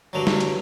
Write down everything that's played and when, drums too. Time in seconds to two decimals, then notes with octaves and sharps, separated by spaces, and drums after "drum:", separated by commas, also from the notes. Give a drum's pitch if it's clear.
0.13 G2 D3 F#3
0.27 drum: snare
0.40 drum: hi-hat